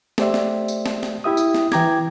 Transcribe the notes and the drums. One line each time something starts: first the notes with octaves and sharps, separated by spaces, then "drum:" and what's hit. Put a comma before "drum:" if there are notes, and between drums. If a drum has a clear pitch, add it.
A3 G4 C5 D5 E5, drum: snare
drum: snare
drum: tambourine
drum: snare
drum: snare
E4 G4 E5 D#6
drum: tambourine
drum: snare
E3 G5 A#5 D6 G#6, drum: snare